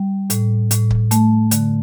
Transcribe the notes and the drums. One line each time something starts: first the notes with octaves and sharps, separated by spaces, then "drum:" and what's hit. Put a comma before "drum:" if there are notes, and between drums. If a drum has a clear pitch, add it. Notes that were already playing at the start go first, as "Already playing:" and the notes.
Already playing: G3
A2, drum: hi-hat
A2, drum: hi-hat
drum: kick C#1
A3, drum: hi-hat
D3, drum: hi-hat